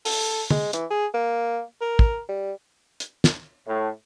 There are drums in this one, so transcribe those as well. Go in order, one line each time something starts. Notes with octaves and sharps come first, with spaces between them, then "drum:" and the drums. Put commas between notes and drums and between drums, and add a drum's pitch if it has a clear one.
A4, drum: open hi-hat
G#3, drum: tom
E3, drum: hi-hat
G#4
A#3
A#4
drum: kick
G3
drum: hi-hat
drum: snare
A2